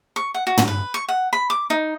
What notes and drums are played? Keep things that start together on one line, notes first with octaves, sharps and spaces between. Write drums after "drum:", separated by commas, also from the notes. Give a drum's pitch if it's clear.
C#6
F#5
F#4
drum: tom
B4
C#6
F#5
B5
D6
D#4